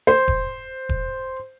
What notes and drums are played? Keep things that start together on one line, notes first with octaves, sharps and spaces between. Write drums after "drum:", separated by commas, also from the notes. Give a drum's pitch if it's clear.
C5
drum: kick E1
drum: kick E1